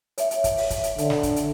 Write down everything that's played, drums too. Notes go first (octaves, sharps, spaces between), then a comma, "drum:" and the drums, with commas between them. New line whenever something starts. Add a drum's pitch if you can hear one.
C#5 E5, drum: hi-hat
drum: hi-hat
drum: kick, hi-hat
drum: open hi-hat
drum: kick, hi-hat
drum: hi-hat
D3, drum: hi-hat
drum: snare
drum: kick, hi-hat
drum: hi-hat